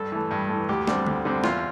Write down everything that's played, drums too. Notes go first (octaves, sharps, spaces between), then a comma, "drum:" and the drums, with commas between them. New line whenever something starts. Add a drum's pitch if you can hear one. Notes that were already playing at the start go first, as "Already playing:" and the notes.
Already playing: G2 A4
E3 A3
G2
E3 A3
D2 G4
D3 G3 C4, drum: snare
D2, drum: tom D3
D3 G3 C4
E2 F4, drum: snare